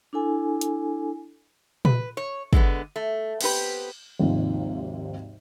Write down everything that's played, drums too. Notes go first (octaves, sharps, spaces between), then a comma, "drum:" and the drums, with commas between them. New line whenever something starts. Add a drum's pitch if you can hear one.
D4 E4 A4 G#5
drum: hi-hat
B4, drum: tom A#2
C#5
D3 G#3 A#3 B3, drum: kick
A3
B3 C4 F#4 G4 B4, drum: cymbal
G#1 D#2 G#2 C3 F3